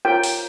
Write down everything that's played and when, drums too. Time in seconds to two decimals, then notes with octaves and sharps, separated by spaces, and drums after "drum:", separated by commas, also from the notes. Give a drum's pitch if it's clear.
0.05 F4 A#4 C#5 G5
0.23 drum: open hi-hat